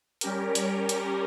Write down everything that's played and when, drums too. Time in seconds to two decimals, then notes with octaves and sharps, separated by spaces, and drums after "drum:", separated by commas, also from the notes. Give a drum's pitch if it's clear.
0.21 G3 C#4 G4 A#4, drum: hi-hat
0.55 drum: hi-hat
0.89 drum: hi-hat